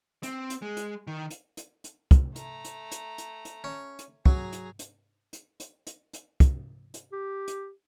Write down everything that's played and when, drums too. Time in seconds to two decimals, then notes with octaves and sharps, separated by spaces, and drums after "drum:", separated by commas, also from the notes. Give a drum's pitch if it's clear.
0.23 C4, drum: hi-hat
0.50 drum: hi-hat
0.62 G#3
0.77 drum: hi-hat
1.07 D#3
1.30 drum: hi-hat
1.57 drum: hi-hat
1.84 drum: hi-hat
2.11 drum: kick, hi-hat
2.36 A3 A#5, drum: hi-hat
2.65 drum: hi-hat
2.91 drum: hi-hat
3.18 drum: hi-hat
3.45 drum: hi-hat
3.64 C#4
3.99 drum: hi-hat
4.26 F#3 G#4 A#5, drum: kick
4.52 drum: hi-hat
4.79 drum: hi-hat
5.33 drum: hi-hat
5.60 drum: hi-hat
5.87 drum: hi-hat
6.13 drum: hi-hat
6.40 drum: kick, hi-hat
6.94 drum: hi-hat
7.13 G4
7.48 drum: hi-hat